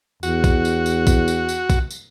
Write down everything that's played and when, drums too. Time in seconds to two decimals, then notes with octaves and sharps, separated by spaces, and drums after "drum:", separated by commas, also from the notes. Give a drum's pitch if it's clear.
0.23 E2 F#4, drum: tambourine
0.44 drum: kick, tambourine
0.65 drum: tambourine
0.86 drum: tambourine
1.07 drum: kick, tambourine
1.28 drum: tambourine
1.49 drum: tambourine
1.70 drum: kick, tambourine
1.91 drum: tambourine